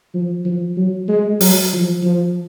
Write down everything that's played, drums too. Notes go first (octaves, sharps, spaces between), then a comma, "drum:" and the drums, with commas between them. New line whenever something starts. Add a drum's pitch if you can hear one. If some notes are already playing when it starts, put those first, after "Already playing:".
F3
F3
F#3
G#3
F#3, drum: open hi-hat
F3
F3